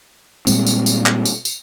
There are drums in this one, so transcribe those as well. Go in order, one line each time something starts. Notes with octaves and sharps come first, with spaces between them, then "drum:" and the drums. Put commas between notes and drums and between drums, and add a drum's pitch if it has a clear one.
A#2 G3 G#3 C4, drum: tambourine
drum: tambourine
drum: tambourine
drum: clap
drum: tambourine
drum: tambourine